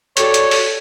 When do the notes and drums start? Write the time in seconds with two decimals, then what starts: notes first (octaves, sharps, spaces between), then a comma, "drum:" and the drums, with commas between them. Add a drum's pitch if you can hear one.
0.17 F#4 G4 A4 C#5 D5, drum: hi-hat
0.34 drum: hi-hat
0.51 drum: open hi-hat